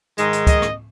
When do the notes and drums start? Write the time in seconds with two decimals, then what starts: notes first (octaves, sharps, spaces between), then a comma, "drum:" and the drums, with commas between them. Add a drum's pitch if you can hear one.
0.18 G#2 D#3 G#3 D#5, drum: hi-hat
0.33 drum: hi-hat
0.47 D#5, drum: kick C#2, hi-hat
0.62 drum: rim click